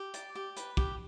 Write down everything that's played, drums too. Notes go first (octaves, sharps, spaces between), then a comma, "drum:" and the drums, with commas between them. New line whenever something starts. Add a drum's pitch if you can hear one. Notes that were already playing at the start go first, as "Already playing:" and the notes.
Already playing: G4
D5, drum: hi-hat
G4
B4, drum: hi-hat
G4, drum: kick